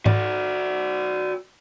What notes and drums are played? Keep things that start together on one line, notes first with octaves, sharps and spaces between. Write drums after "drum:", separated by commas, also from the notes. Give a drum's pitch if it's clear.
F#4 D5, drum: tom G#2